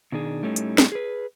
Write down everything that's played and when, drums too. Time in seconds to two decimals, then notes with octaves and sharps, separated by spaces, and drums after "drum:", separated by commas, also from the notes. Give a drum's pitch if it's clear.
0.12 B2 D#3 D4 G#4
0.43 A2 G3 A3 C#4 D#4
0.56 drum: hi-hat
0.78 drum: snare
0.92 G#4 B4